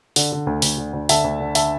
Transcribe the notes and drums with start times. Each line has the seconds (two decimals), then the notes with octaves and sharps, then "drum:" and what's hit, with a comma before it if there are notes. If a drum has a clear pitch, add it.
0.16 D3, drum: open hi-hat
0.32 D3
0.47 D2
0.62 D2, drum: open hi-hat
0.78 D3
0.93 D2
1.09 D3 E5 A5, drum: open hi-hat
1.24 D2
1.40 D3
1.55 D3 E5 A5, drum: open hi-hat